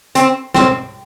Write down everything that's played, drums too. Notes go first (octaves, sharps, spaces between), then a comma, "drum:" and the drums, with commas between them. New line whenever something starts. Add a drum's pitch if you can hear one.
C4, drum: hi-hat
C4, drum: snare